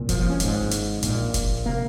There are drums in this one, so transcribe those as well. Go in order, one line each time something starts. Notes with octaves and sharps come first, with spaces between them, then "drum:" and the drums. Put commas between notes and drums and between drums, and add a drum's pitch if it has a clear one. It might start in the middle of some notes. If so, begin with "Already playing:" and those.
Already playing: C2 A#2
F3, drum: kick F1, hi-hat
F3
C#4
G#1 G#2, drum: hi-hat
drum: hi-hat
A#1 A#2, drum: hi-hat
drum: kick F1, hi-hat
C3 A#3